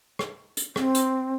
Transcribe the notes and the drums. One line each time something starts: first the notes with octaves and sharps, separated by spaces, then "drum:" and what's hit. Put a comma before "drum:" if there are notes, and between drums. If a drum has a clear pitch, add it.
drum: rim click
drum: hi-hat
C4, drum: rim click
drum: hi-hat